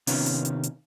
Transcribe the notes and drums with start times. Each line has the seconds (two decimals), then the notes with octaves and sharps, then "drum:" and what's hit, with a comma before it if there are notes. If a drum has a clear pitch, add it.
0.07 C3 D#3 B3 C#4 F4, drum: open hi-hat
0.26 drum: hi-hat
0.45 drum: hi-hat
0.63 drum: hi-hat